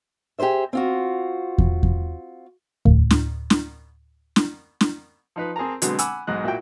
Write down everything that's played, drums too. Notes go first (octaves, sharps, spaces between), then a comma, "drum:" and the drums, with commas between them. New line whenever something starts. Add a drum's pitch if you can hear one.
G4 G#4 B4 C5 E5
C4 F4 F#4
drum: kick E2
drum: kick E2
D2 A2, drum: kick E2
drum: snare
drum: snare
drum: snare
drum: snare
F3 D#4 B4
C4 G#4 A#4 A5 A#5
B2 D3 F#3 G#3 B3 C4, drum: hi-hat
F#5 G#5 B5 D6 E6, drum: hi-hat
B1 G#2 D#5 F#6
A#2 E4 F#4 G5